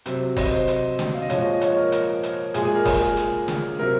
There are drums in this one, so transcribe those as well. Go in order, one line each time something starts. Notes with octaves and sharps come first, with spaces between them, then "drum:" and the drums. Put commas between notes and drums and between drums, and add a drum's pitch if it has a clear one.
C3 F#3, drum: hi-hat
D#5, drum: kick F#1, open hi-hat
C5
drum: hi-hat
drum: snare
F5
D#5
A#2 F3 G#3 C#5, drum: hi-hat
D#5
D#5
C#5, drum: hi-hat
A#4
A#4, drum: hi-hat
drum: hi-hat
A#2 G#3 G#4, drum: hi-hat
G#4
A#4
G#4, drum: kick F#1, open hi-hat
G#4
drum: hi-hat
drum: snare
C3 F#3 A#4